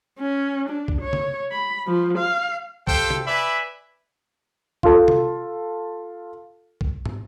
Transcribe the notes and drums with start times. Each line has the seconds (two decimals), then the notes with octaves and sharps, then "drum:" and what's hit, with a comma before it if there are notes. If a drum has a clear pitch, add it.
0.19 C#4
0.69 D4
0.88 drum: kick
1.02 C#5
1.13 drum: tom C#3
1.51 B5
1.87 F3
2.18 F5
2.87 G4 A4 C5 F5 G5, drum: kick
3.10 drum: tom C3
3.26 B4 D5 E5 G#5 B5
4.83 F4 A4, drum: kick
5.08 drum: tom C3
6.81 drum: kick
7.05 drum: tom